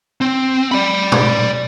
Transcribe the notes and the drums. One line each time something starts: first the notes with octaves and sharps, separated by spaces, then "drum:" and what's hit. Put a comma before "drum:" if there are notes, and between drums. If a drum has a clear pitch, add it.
C4
D5 B5
drum: tom A#2